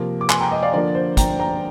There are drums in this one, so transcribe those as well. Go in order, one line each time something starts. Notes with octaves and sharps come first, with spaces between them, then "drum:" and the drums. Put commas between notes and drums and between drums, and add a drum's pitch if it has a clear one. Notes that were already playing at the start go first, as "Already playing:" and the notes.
Already playing: C3 F3 A#3
D6
G#5 C6, drum: clap
G5 A#5
D#5 G5
D5 F5
D3 F3 A#3 D5
C5
G5 A#5, drum: kick, hi-hat
G5 A#5